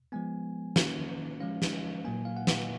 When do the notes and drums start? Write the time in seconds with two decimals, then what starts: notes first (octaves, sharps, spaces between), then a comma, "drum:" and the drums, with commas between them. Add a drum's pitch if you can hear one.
0.12 F3 G#3 B3 G#5
0.76 D#3 A#3 C#4, drum: snare
1.40 F3 G#3 C#4 F5
1.62 drum: snare
2.05 A#2 F#3 A#3 G#5
2.25 F5
2.37 F#5
2.47 drum: snare